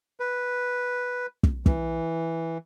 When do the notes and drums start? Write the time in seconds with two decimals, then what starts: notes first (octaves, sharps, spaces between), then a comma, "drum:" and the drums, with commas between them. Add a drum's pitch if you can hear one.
0.20 B4
1.43 drum: kick
1.66 E3, drum: kick